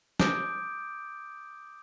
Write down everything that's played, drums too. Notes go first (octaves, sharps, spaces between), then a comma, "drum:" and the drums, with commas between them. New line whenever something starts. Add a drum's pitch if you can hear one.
D6 D#6 G6 D7, drum: snare